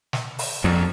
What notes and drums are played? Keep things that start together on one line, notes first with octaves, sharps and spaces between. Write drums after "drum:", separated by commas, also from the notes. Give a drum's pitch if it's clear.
drum: snare
drum: open hi-hat
F2 F3 D5